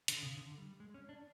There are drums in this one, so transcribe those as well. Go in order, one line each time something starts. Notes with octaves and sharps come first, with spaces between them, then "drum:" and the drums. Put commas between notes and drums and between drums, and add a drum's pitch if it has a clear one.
D3, drum: hi-hat
C#3
D3
G3
G#3
C#4
D4